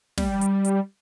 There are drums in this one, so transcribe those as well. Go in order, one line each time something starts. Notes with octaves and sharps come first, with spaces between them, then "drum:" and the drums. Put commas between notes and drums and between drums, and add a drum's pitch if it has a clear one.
G3, drum: snare
drum: hi-hat
drum: hi-hat